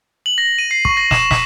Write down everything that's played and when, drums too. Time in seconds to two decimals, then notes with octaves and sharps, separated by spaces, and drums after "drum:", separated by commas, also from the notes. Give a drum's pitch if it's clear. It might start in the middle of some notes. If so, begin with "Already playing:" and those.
0.26 F#7
0.38 A#6
0.59 D#7
0.71 C7
0.85 C#6, drum: kick
0.97 A#6
1.11 E7, drum: snare
1.31 B6, drum: snare